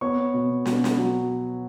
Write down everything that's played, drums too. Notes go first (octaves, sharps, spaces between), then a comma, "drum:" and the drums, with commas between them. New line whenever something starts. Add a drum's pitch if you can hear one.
B3 C#5 C#6
B2
B2, drum: snare
drum: snare
F#3